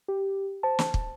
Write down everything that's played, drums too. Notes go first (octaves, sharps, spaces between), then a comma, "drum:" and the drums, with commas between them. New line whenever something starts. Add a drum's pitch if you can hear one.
G4
C5 A5
drum: snare
drum: kick